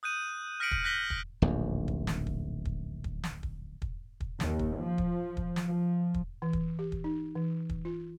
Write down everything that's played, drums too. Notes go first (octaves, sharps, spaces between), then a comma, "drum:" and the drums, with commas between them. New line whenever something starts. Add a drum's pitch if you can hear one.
D#6 F#6 G6 D#7
F6 A#6 B6 C#7 D7 F#7
drum: kick
F#6 G6 A#6 B6 F#7 G7
drum: kick
D1 A#1 D#2
drum: kick
drum: snare
drum: kick
drum: kick
drum: kick
drum: snare
drum: kick
drum: kick
drum: kick
D#2, drum: snare
drum: kick
F3
drum: kick
drum: kick
drum: snare
F3
drum: kick
E3
drum: kick
G4
drum: kick
D#4
E3
drum: kick
F4